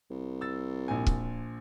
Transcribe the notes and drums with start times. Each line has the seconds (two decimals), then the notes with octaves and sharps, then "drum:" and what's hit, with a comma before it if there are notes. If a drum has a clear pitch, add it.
0.10 C2
0.41 E6 A6
0.88 A#1 A#2 G#5
1.06 drum: kick